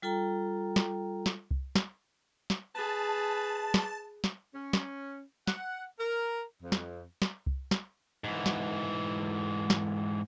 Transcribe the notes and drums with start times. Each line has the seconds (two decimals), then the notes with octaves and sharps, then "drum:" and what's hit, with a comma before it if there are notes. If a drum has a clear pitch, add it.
0.02 G3 F4 A4 G5 A#5
0.76 drum: snare
1.26 drum: snare
1.51 drum: kick C2
1.75 drum: snare
2.50 drum: snare
2.75 G#4 B4 A5
3.74 drum: snare
4.24 drum: snare
4.55 C#4
4.73 drum: snare
5.47 F#5, drum: snare
5.99 A#4
6.63 F2
6.72 drum: snare
7.22 drum: snare
7.46 drum: kick C2
7.71 drum: snare
8.24 G#2 E3
8.46 drum: snare
9.70 drum: snare